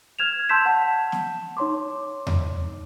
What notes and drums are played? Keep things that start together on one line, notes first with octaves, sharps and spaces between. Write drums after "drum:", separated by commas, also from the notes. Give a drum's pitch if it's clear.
F6 G#6 E7 F7
A5 C6 E6 G6 B6 E7
F#5 A5
drum: snare
D#4 C#5 C6 D6
drum: tom E2